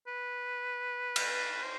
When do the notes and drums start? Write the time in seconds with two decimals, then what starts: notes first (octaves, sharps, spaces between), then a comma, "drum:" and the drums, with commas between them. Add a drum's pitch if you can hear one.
0.07 B4
1.16 drum: cymbal
1.63 C5